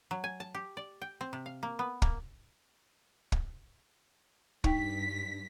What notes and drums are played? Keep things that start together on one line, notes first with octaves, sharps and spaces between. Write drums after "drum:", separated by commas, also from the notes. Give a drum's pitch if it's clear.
F#3
G#5
A5
G4
D5
G5
C4
C3
F5
A#3
B3
A#3, drum: kick
drum: kick
G2 D#4 G5 B6, drum: kick